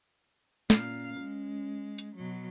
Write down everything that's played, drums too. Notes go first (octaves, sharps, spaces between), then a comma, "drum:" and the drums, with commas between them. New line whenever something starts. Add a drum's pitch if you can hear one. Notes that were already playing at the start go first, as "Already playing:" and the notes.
A#2 C#4 F5, drum: snare
G#3
drum: hi-hat
B2 F#3